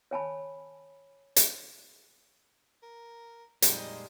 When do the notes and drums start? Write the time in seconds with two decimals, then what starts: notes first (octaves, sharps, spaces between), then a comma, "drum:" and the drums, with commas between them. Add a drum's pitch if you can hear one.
0.11 C#5 G#5 A5 B5
1.36 drum: hi-hat
2.83 A#4
3.62 F2 A#2 G3 G#3 D#4 C5 D#5, drum: hi-hat